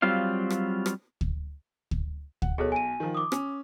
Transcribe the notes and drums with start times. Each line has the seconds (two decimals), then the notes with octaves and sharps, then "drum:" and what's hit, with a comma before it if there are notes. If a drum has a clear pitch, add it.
0.02 F#3 G3 C4 F4 F5
0.50 drum: rim click
0.86 drum: rim click
1.21 drum: kick
1.91 drum: kick
2.42 F#5, drum: kick
2.58 B1 G#4 A4 C#5
2.72 G#5 D#7
3.00 D#3 F3
3.15 D6 D#6
3.32 C#4, drum: rim click